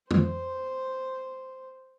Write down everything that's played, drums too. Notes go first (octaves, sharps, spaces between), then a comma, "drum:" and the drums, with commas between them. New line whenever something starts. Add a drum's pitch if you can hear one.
C5, drum: tom